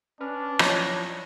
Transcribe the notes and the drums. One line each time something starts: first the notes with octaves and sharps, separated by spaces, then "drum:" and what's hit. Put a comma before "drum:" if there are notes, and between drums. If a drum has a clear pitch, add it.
C#4 D4 B4 F6
F3 F#3 E4 C#5 D#5, drum: rim click